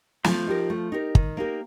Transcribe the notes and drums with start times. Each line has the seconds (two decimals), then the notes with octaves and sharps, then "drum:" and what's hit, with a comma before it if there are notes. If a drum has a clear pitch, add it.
0.24 F3 A3, drum: snare
0.47 D#4 G4 A#4
0.70 A3
0.92 D#4 G4 A#4
1.15 D#3, drum: kick
1.37 A#3 D#4 G4 A#4